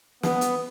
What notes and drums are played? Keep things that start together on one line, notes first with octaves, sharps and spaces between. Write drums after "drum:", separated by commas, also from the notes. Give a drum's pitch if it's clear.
B3, drum: snare
drum: hi-hat